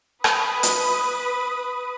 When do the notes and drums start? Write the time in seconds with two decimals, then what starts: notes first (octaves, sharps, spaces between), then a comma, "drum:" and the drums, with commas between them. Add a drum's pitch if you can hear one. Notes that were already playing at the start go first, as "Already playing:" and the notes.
0.24 B4 D#6, drum: rim click
0.63 drum: hi-hat